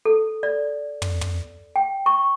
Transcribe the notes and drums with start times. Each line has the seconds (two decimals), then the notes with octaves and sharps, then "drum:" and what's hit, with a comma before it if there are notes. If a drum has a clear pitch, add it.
0.05 A4
0.43 D5
1.02 drum: tom
1.21 drum: tom
1.76 G5
2.06 C#6